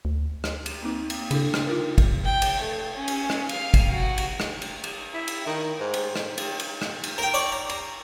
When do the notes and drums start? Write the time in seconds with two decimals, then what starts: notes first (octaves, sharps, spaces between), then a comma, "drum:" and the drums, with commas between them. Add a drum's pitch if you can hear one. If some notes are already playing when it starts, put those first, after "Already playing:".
0.05 D2
0.44 drum: rim click
0.66 drum: cymbal
0.82 A#3 C4 D#4
1.10 drum: cymbal
1.31 C#3 D4 E4 A4, drum: cymbal
1.54 drum: rim click
1.67 D#4 F4 A#4
1.98 drum: kick, cymbal
2.25 G5
2.42 drum: cymbal
2.60 A3
2.93 C#4
3.08 drum: cymbal
3.30 drum: rim click
3.49 F5, drum: cymbal
3.74 drum: kick, cymbal
3.92 F#4
4.18 drum: cymbal
4.40 drum: rim click
4.62 drum: cymbal
4.84 drum: cymbal
5.14 E4
5.28 drum: cymbal
5.47 D#3
5.80 G#2
5.94 drum: cymbal
6.16 drum: rim click
6.38 drum: cymbal
6.60 drum: cymbal
6.82 drum: rim click
7.04 drum: cymbal
7.18 A#4 G5
7.34 C#5 D5
7.52 A#5
7.69 A#5, drum: cymbal